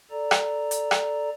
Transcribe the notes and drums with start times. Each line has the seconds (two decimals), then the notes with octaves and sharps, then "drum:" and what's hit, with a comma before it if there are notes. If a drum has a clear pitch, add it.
0.11 A4 D5 A#5
0.31 drum: rim click
0.71 drum: hi-hat
0.91 drum: rim click